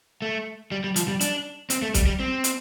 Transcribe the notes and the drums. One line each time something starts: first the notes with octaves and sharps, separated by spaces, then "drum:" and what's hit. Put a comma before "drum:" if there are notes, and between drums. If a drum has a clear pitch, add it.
A3
G3
G3
F3, drum: hi-hat
G3
D4, drum: hi-hat
C4, drum: hi-hat
A3
G3, drum: kick, hi-hat
G3
C4
drum: hi-hat